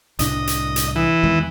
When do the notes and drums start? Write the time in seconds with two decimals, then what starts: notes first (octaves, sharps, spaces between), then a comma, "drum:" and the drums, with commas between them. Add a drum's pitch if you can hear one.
0.19 C2 A2 D4 D#5, drum: hi-hat
0.47 drum: hi-hat
0.76 drum: hi-hat
0.96 E3
1.23 E2 D#3 G#3